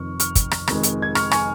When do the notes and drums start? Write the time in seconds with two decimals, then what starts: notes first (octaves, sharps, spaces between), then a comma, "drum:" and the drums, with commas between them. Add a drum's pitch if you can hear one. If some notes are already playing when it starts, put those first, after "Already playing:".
Already playing: F1 F2 D#3 C#6 F6
0.20 C#6 F6, drum: hi-hat
0.35 drum: kick, hi-hat
0.51 drum: rim click
0.67 F1 F2 D#3 G#3, drum: rim click
0.83 drum: hi-hat
1.02 G#6
1.15 C#6 F6, drum: rim click
1.31 G#5 C#6, drum: rim click